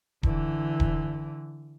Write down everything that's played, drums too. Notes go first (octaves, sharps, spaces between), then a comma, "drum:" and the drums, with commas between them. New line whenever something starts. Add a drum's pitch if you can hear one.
D3 E3, drum: kick D#1
drum: kick D#1